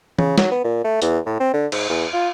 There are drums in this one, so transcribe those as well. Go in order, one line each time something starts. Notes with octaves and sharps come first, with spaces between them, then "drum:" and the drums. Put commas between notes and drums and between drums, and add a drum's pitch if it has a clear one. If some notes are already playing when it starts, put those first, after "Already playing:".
C#3, drum: tom E3
F#3, drum: snare
B3
A#2
A3
E2, drum: hi-hat
A2
C4
D3
G#2, drum: cymbal
E2
F4